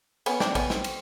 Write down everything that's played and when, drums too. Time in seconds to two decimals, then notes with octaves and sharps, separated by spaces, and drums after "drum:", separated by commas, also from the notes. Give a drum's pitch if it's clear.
0.26 B3 C#4, drum: cymbal
0.40 C4 D4, drum: snare
0.55 B3 C#4, drum: kick, cymbal
0.70 C4, drum: snare
0.84 drum: cymbal